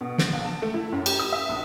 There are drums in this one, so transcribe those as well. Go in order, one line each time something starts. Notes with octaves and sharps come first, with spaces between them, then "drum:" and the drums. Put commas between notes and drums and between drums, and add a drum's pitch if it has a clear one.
B2
D7, drum: snare
A#1
A5
A3
E4
F#2
G4, drum: cymbal
D#6
E5
B1